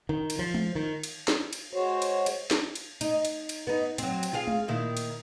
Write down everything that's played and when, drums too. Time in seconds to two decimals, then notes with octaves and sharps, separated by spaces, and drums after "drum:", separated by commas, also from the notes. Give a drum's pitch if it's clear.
0.09 D#3
0.30 drum: cymbal
0.39 F3
0.54 drum: tom G#3
0.75 D#3
1.03 drum: cymbal
1.28 drum: snare
1.53 drum: cymbal
1.73 G#3 F#4 C5 C#5
2.02 drum: cymbal
2.26 drum: cymbal
2.51 drum: snare
2.75 drum: cymbal
3.01 D#4, drum: cymbal
3.25 drum: cymbal
3.49 drum: cymbal
3.67 B3 D#4
3.98 F#3 C4, drum: cymbal
4.23 drum: cymbal
4.33 F4 G#4 F5
4.47 drum: tom G#3
4.68 A#2 D#3 E4
4.97 drum: cymbal